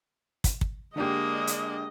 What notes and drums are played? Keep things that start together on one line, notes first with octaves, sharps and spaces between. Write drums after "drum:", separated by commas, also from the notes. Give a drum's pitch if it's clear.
drum: kick, hi-hat
drum: kick
D3 G#3 A#3 D4 G4 D#5
drum: hi-hat